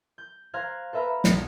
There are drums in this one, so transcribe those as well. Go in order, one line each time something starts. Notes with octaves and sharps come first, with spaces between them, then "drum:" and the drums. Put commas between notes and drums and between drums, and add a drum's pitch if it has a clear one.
G6
C5 F5 A#5 F6 F#6 G#6
A4 B4 E5 A#5 B5 F6
B1 F2, drum: snare